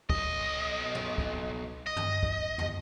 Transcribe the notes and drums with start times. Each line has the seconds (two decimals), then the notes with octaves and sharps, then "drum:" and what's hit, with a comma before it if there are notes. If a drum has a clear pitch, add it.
0.10 B1 D#5, drum: kick C#2
0.95 drum: tom
1.18 drum: kick C#2
1.87 D#5
1.96 drum: tom
2.23 drum: kick C#2
2.58 drum: tom